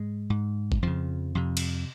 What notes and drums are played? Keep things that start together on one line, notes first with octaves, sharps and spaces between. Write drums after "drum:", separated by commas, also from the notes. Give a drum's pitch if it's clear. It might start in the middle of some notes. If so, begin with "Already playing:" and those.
Already playing: G#2 G#3
G#2
drum: kick G1
F2 C#3 F3
F2 C3
drum: cymbal